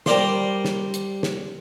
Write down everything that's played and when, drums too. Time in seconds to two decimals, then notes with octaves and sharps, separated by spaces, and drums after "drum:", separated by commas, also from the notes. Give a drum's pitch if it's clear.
0.06 G3 A#4 C5 D5 F5 C6, drum: snare
0.65 drum: snare
0.94 drum: hi-hat
1.23 drum: snare